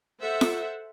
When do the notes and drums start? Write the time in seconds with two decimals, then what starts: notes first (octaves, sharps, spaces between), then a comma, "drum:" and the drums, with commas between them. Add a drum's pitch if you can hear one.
0.21 A4 C5 E5 F#5
0.41 drum: snare F4